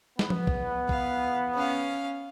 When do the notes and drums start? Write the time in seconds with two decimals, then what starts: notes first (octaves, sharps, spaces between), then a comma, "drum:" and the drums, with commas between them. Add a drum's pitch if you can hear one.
0.19 E2 B3, drum: snare
0.30 drum: tom F3
0.47 drum: kick
0.89 F5, drum: kick
1.55 C#4 F5